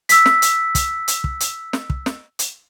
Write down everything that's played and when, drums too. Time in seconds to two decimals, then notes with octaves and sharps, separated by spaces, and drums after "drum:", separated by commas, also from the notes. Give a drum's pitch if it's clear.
0.09 E6 B6, drum: hi-hat
0.26 drum: snare
0.42 drum: hi-hat
0.75 drum: kick, hi-hat
1.08 drum: hi-hat
1.24 drum: kick
1.40 drum: hi-hat
1.73 drum: snare
1.90 drum: kick
2.06 drum: snare
2.39 drum: hi-hat